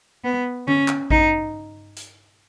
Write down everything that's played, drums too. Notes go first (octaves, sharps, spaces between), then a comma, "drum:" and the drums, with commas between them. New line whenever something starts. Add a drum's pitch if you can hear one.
B3
C#4, drum: tom D3
drum: clap
D#4, drum: kick A1
drum: hi-hat